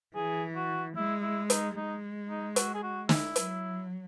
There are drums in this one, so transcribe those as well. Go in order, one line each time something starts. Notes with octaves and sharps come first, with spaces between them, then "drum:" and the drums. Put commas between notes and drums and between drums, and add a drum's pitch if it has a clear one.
E3 G#4
F#4
G#3 E4
E4
D#4, drum: hi-hat
G#3 D#4
D#4
F#4, drum: hi-hat
G#4
F#4
E4, drum: snare
F#3, drum: hi-hat